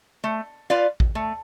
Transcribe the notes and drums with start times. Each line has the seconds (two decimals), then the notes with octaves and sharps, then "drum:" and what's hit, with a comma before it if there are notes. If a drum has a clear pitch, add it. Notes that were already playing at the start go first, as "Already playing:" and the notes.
0.24 A3
0.70 F4 B4 D5 F5
1.00 drum: kick A1
1.15 A3